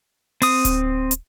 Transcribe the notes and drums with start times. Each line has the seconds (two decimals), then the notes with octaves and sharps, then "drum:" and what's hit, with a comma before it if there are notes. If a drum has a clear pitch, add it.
0.42 C4 D#6, drum: open hi-hat
0.65 drum: kick D1, hi-hat
1.11 drum: hi-hat